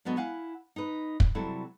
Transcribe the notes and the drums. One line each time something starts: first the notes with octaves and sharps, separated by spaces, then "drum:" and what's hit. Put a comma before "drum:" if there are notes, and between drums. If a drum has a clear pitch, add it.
D3 F#3 B3 F#4 D#5
E4 F5 F#5 G#5
D#4 B4
drum: kick
C3 F#3 G3 E4 A4